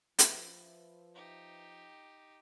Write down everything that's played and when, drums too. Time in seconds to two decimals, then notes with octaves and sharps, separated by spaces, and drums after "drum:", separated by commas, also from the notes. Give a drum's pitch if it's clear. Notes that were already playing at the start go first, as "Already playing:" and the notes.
0.19 F3 B4 E5, drum: hi-hat
1.15 D#4 G4